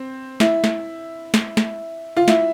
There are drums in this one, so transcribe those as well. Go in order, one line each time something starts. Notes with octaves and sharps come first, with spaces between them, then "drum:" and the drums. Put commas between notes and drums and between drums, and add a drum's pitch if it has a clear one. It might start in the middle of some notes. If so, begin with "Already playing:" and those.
Already playing: C4
E4, drum: snare
drum: snare
drum: snare
drum: snare
F4
E4, drum: snare